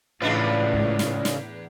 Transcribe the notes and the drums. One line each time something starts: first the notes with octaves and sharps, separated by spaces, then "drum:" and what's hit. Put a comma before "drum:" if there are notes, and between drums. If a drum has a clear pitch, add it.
E2 A2 C#3 D4 F4 B4 D5
drum: kick
drum: snare
drum: snare